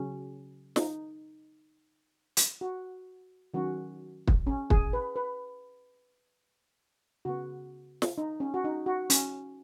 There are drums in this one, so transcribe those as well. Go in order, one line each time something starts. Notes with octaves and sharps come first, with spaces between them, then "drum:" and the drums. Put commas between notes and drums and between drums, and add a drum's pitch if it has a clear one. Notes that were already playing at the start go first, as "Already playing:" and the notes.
Already playing: C#3 F#3 C#4
D#4, drum: snare
drum: hi-hat
F#4
D#3 F#3 C#4 F#4
drum: kick
C#4
G#4, drum: kick
B4
B4
C#3 B3 F#4
drum: snare
D#4
C#4
F#4
D#4
F#4
C#4, drum: hi-hat